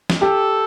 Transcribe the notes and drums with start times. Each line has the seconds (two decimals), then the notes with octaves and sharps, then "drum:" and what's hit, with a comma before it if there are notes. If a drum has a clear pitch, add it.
0.10 drum: snare
0.21 G4 A4